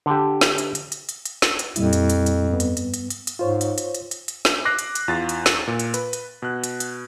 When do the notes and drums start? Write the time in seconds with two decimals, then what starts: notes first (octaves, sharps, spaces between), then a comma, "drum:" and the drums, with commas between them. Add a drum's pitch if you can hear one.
0.06 D3 G4
0.41 drum: snare
0.58 drum: hi-hat
0.75 drum: hi-hat
0.92 drum: hi-hat
1.09 drum: hi-hat
1.25 drum: hi-hat
1.42 drum: snare
1.59 drum: hi-hat
1.76 F2 A#2 G3 E4, drum: hi-hat
1.93 drum: hi-hat
2.10 drum: hi-hat
2.26 drum: hi-hat
2.50 G2 B3
2.60 drum: hi-hat
2.77 drum: hi-hat
2.94 drum: hi-hat
3.10 drum: hi-hat
3.27 drum: hi-hat
3.39 G#2 F4 C5 C#5
3.61 drum: hi-hat
3.78 drum: hi-hat
3.95 drum: hi-hat
4.11 drum: hi-hat
4.28 drum: hi-hat
4.45 drum: snare
4.65 D6 F#6 A#6 C7
4.79 drum: hi-hat
4.95 drum: hi-hat
5.08 E2 F4 A6
5.29 drum: hi-hat
5.46 drum: snare
5.67 A#2
5.79 drum: hi-hat
5.94 B4, drum: hi-hat
6.13 drum: hi-hat
6.42 B2 F#6
6.64 drum: hi-hat
6.80 drum: hi-hat